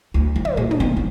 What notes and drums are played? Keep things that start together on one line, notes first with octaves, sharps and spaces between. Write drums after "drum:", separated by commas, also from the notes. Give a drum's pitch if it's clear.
D2
D#3
drum: tom
A#2
drum: tom
D#3
D#3